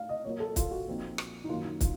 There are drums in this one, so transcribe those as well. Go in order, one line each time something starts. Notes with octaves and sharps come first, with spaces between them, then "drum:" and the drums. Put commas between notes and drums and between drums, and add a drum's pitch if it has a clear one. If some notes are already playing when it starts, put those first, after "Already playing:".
Already playing: A3 D#4 F5
D#5
A#2 F#3 A#3 F4 A#4 C#5
A4
F4, drum: kick, hi-hat
F#4
A#2 F3 C4 D#4
drum: rim click
D#4
F#2 D#3 F#3 A#3 F4
D#4
F4, drum: kick, hi-hat